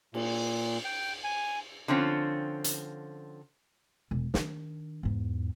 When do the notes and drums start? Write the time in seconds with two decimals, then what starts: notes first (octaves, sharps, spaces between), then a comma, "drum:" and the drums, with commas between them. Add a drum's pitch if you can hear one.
0.14 A#2, drum: cymbal
0.85 G5
1.24 G#5
1.88 D3 F3 C4 C#4 F4
2.64 drum: hi-hat
4.11 E1
4.34 D#3 D4, drum: snare
5.03 E2 G#2